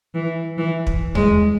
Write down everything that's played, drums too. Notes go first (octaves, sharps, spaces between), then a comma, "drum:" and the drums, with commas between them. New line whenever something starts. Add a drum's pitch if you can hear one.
E3
E3
drum: kick
G#3, drum: tom D#2